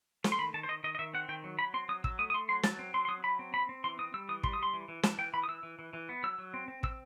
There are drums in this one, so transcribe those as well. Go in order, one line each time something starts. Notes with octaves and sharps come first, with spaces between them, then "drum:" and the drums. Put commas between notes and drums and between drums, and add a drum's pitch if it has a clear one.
A3, drum: snare
C6
D#3 B5
D#3 A5
C5
D#3 D#5
D#3 D#5
D#5
D#3 E5
C4 F#5
D#3 G5
F#3
F#3 B5
C4 C6
F#3 D#6
F#3 E6, drum: kick
A3 D#6
D#6
A3 C6
F#3 C6
F#3 A5, drum: snare
C4
F#3 C6
C6
F#3 D#6
F#3 B5
C4
C4 B5
C4
E3 C6
C4 D#6
G3 E6
E3 D#6
G3 C6, drum: kick
D#6
G3 C6
E3
E3
E3 A5, drum: snare
E3 G5
E3 B5
D#6
E3 E6
E3
E3
E3
B3
F#3 E6
F#3
C4
C4
C4 E6, drum: kick